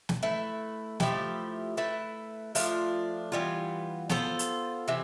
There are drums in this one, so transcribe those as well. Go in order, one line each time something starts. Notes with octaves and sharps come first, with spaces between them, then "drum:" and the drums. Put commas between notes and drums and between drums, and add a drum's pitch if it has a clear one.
drum: snare
A3 E4 B4
F3 A3 E4 G4, drum: snare
A3 E4 B4
F3 A3 D4 F4, drum: open hi-hat
E3 G3 B3 F4
B3 F4 A4 C5, drum: snare
drum: hi-hat
C3 E3